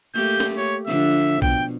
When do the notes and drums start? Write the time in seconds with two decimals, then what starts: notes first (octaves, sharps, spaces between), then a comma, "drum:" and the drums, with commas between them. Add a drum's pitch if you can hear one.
0.15 A3 A#3 G4 G6
0.40 drum: snare
0.58 C#5
0.87 D3 F3 D4 E5
1.42 B2 G5, drum: kick